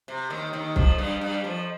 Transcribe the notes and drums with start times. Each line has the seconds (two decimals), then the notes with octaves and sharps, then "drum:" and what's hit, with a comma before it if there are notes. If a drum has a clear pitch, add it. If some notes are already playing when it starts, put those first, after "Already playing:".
0.08 C3
0.30 D#2 D#3
0.53 D#2 D#3
0.76 F2 F3, drum: kick
0.98 G2 G3
1.21 G2 G3
1.44 F2 F3